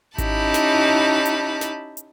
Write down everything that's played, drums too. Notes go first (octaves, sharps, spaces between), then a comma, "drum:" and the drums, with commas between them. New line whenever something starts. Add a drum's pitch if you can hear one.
C#4 D#4 E4 G4 A5 B5, drum: kick G#1, hi-hat
drum: snare
drum: hi-hat
drum: snare
drum: hi-hat